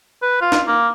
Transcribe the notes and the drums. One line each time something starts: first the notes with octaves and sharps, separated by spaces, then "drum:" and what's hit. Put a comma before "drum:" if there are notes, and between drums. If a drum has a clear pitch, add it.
B4
F4
drum: snare
A#3